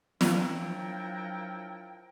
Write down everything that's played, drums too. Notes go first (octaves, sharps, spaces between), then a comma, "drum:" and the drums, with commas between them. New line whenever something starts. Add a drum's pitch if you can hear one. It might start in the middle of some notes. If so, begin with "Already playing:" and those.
F3 F#3 D4 E4 A#4 G5, drum: snare